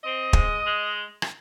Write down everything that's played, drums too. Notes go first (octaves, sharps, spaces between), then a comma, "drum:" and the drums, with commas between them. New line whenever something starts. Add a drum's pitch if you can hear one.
C4 D#5
G#3, drum: kick
G#3
drum: rim click